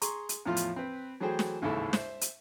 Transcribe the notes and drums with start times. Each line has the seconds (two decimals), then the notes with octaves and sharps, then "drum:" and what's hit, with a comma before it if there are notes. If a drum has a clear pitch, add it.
0.02 G#4 A#5 C6 C#6, drum: hi-hat
0.29 drum: hi-hat
0.46 E2 A2 F3 F4 F5 C6
0.57 drum: hi-hat
0.76 C4 B4
1.20 E3 F#3 A3 G#4 C5 G5
1.39 drum: snare
1.62 A1 D#2 G#2 C#3 E4 A4
1.93 C5 E5, drum: snare
2.21 drum: hi-hat